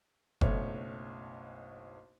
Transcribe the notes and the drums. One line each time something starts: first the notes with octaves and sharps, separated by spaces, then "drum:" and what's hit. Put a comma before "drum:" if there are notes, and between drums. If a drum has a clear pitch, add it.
F#1 B1 A3 C#5, drum: kick F#1